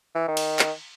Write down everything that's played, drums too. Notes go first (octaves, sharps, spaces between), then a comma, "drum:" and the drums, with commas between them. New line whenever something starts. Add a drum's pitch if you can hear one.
E3
D#3
drum: cymbal
drum: clap